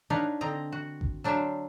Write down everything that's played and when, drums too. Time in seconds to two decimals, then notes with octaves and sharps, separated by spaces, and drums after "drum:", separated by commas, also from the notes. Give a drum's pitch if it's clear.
0.10 D4 D#4 B4 C#5 F5
0.41 D3 C4 D#5 A#5
0.72 F#4
1.01 drum: kick G#1
1.24 F#3 D4 C5 E5 F5 G5